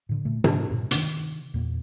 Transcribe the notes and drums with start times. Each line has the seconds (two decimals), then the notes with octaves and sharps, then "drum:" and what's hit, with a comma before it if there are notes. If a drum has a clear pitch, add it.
0.09 A2 D3
0.25 A#2 A3
0.44 G#2 D4, drum: tom C3
0.70 G2 A#2
0.91 C3 D#3, drum: hi-hat
1.54 E2 A#2 A#3